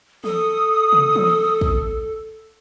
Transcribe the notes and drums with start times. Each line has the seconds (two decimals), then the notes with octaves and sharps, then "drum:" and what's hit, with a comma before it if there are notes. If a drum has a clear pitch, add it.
0.24 A4 D#6, drum: tom E3
0.93 drum: tom
1.16 drum: tom E3
1.61 drum: kick